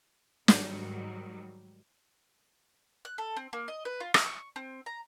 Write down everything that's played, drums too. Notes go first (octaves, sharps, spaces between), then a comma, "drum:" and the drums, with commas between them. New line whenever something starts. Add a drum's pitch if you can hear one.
G#2 D#3 F#3 G3, drum: snare
F#6
A4
C4
A#3
D#5
B4
F4
D#5, drum: rim click
C#6
C4
A#5